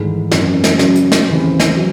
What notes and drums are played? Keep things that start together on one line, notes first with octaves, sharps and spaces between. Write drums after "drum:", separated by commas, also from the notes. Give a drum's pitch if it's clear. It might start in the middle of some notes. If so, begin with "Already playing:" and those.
Already playing: G#1 G#2 E3 A3
F#2 E3 C4 F#4, drum: snare
drum: snare
C#3 F#3 C#4, drum: snare
drum: hi-hat
drum: snare
D#2 C#3 E3 C4
drum: snare
F#3